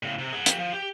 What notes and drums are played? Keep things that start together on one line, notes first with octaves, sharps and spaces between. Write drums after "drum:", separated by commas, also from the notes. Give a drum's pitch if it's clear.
A2 C#3
C3
G#4 F#5
F3 G4, drum: hi-hat
F3
G4